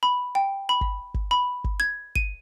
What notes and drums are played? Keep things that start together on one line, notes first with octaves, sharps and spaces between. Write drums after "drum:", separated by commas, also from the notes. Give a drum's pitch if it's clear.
B5
G5
B5
drum: kick G1
drum: kick G1
B5
drum: kick G1
G#6
D#7, drum: kick G1